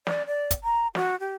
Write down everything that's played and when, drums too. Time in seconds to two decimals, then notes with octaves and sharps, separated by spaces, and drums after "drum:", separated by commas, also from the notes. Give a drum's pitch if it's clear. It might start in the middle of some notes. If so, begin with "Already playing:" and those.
0.07 D5, drum: snare
0.27 D5
0.51 drum: kick, hi-hat
0.64 A#5
0.95 F#4, drum: snare
1.20 G4